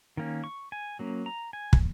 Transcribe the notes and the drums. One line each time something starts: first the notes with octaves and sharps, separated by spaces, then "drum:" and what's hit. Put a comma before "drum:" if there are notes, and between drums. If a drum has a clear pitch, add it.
D#3 A#3 C#4
C#6
G#5
F#3 A#3 C#4
A#5
G#5
drum: kick